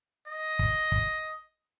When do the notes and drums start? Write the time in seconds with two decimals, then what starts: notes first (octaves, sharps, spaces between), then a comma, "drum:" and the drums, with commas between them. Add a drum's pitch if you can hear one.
0.27 D#5
0.59 drum: kick
0.92 drum: kick